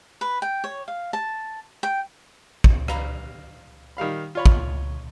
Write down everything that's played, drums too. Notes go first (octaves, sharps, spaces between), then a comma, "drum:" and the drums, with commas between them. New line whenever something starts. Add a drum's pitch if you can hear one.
B4
G5
C#5
F5
A5
G5
drum: kick
F5 A#5 B5, drum: rim click
D#3 G3 F5 B5
F4 C#5 B5
drum: kick